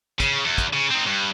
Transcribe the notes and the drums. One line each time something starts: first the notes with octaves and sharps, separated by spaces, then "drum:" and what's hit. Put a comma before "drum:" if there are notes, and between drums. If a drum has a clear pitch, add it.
C#3, drum: kick, hi-hat
E2
drum: kick, hi-hat
C#3
C4 D#4
G2